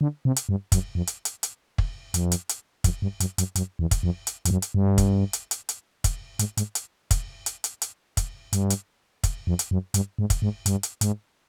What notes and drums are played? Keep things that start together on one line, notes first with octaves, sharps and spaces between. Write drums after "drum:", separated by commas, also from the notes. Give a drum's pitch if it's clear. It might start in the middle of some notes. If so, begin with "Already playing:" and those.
D3
C3
drum: hi-hat
G2
F#2, drum: kick, hi-hat
F2
drum: hi-hat
drum: hi-hat
drum: hi-hat
drum: kick
F2, drum: hi-hat
drum: hi-hat
drum: hi-hat
F2, drum: kick, hi-hat
G2
F#2, drum: hi-hat
F#2, drum: hi-hat
F#2, drum: hi-hat
E2
drum: kick, hi-hat
F2
drum: hi-hat
F2, drum: hi-hat
F#2
drum: hi-hat
G2
drum: kick, hi-hat
drum: hi-hat
drum: hi-hat
drum: hi-hat
drum: kick, hi-hat
G#2, drum: hi-hat
G#2, drum: hi-hat
drum: hi-hat
drum: kick, hi-hat
drum: hi-hat
drum: hi-hat
drum: hi-hat
drum: kick, hi-hat
G2, drum: hi-hat
drum: hi-hat
drum: kick, hi-hat
F2
drum: hi-hat
F#2
G2, drum: hi-hat
G#2
drum: kick, hi-hat
G#2
G2, drum: hi-hat
drum: hi-hat
G#2, drum: hi-hat